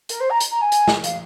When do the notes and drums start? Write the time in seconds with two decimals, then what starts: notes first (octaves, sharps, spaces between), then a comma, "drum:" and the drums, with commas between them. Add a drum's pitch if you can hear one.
0.09 A#4, drum: hi-hat
0.20 C5
0.30 A#5
0.40 drum: hi-hat
0.51 A#5
0.61 G#5
0.72 drum: hi-hat
0.88 drum: snare
1.04 F5, drum: hi-hat